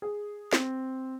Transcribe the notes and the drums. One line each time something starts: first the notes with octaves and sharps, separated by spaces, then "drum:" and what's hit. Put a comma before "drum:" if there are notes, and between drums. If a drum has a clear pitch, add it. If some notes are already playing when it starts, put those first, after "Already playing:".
G#4
C4, drum: snare